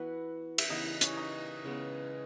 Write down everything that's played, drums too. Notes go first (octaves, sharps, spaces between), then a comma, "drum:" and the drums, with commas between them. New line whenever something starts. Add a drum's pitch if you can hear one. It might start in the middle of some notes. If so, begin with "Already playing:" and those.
Already playing: E3 B3 E4 F#4 B4 F#5
E5, drum: cymbal
C#3 E3 B3 D#4 D#5
C#4 C#5, drum: hi-hat
D#4 D#5
C#3 G#3 B3